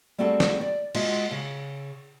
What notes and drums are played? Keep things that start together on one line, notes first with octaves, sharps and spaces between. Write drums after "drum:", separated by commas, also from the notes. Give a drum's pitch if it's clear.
G3 A3 C4 F#4 G#4 A4
drum: snare
D5
G#3 F4 F#4 E5 F#5, drum: cymbal
C#3